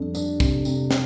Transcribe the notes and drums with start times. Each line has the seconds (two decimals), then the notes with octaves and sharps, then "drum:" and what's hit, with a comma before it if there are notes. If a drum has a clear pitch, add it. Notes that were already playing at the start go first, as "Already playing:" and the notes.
Already playing: F2 G3 D4
0.15 D4, drum: tambourine
0.40 C3, drum: kick, tambourine
0.65 C3, drum: tambourine
0.91 C3, drum: snare